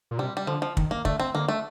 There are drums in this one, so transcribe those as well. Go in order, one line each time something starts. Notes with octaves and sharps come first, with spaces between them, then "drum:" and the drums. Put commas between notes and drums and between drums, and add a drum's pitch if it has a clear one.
A#2
C3 G3
G3
D3 F3
F3
D#3, drum: kick
A#3
D3 A3, drum: kick
C4
D3 A#3
A3